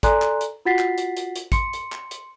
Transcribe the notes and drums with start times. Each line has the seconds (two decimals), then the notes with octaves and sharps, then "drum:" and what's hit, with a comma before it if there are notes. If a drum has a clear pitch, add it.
0.03 A4 D5 G#5 A#5 C6 F#6, drum: kick, hi-hat
0.22 drum: clap
0.41 drum: hi-hat
0.65 F4 F#4 F#5 A6 B6 C7
0.79 drum: clap
0.98 drum: hi-hat
1.17 drum: hi-hat
1.35 drum: hi-hat
1.52 C6 C#7, drum: kick, hi-hat
1.73 drum: hi-hat
1.92 drum: clap
2.11 drum: hi-hat